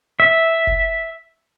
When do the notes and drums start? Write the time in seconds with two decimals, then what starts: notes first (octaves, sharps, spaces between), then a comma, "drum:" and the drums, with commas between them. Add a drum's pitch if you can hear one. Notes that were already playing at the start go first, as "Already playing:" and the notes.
0.20 E5
0.67 drum: kick F1